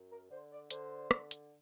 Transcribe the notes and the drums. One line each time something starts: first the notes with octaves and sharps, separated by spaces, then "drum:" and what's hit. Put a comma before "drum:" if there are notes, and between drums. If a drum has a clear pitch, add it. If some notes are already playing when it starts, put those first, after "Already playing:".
Already playing: F#2
A#4
D3 C5
D5
D3 C5, drum: hi-hat
D3, drum: rim click
drum: hi-hat